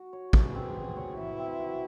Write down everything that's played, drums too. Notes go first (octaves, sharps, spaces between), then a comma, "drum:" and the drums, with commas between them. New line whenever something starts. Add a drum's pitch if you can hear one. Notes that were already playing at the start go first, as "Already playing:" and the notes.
Already playing: F#4
C#5
E3 G#4, drum: kick
C4
F#4
C#5
E3 E4
C4
F#4